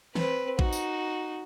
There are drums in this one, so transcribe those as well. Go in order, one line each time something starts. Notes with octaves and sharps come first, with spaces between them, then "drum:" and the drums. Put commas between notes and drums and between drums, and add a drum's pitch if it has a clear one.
C4 B4, drum: snare
D#4 F#4, drum: kick
drum: tambourine